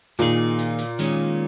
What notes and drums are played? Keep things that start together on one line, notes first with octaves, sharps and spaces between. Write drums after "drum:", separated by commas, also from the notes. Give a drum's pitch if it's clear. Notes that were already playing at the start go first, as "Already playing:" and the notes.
A#2 D#3 A#3 D#4 G#4, drum: hi-hat
drum: hi-hat
drum: hi-hat
D#3 G#3 C#4, drum: hi-hat